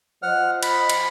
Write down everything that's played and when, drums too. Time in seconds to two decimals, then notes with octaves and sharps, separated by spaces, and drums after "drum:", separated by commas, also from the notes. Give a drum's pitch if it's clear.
0.23 F3 C5 D#5 F#5 F6
0.63 B5, drum: cymbal
0.89 drum: cymbal